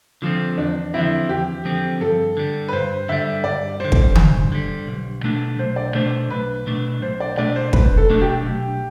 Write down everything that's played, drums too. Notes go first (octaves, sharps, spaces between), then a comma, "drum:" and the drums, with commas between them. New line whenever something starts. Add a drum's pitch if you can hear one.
D3 F3 C4 F4
E2 D4
D3 F3 C4 E4
E2 G4
D3 F3 C4
G2 A4
D3 G3
B4
G2 C5
D3 G3 E5
G2 D5
D3 G3 C5
drum: kick
G2, drum: tom D3
D3 G3
B1
B2 A3 D4
B1 C5
D5
B2 A3 D4 C5
B1 B4
B2 A3 D4
B1 C5
D5
B2 A3 D4 D5
C5
B1 B4, drum: kick
A4
B2 A3 D4
G4
B1